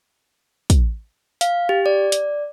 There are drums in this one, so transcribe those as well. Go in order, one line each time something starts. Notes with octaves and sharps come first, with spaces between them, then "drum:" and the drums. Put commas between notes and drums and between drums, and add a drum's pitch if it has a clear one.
drum: kick, hi-hat
F5, drum: hi-hat
G4
D5
drum: hi-hat